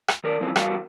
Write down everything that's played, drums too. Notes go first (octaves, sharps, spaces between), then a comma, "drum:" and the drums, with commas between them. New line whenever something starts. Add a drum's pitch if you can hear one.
drum: rim click
D#3 A#4 D5
G2 E3 F3 C4 C#4
E2 G3 F#4 A#4 C5 F5, drum: rim click